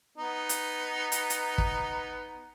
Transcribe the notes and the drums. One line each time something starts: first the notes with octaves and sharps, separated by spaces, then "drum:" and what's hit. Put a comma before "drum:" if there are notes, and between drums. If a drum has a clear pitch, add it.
B3 D#4
drum: hi-hat
drum: hi-hat
drum: hi-hat
drum: kick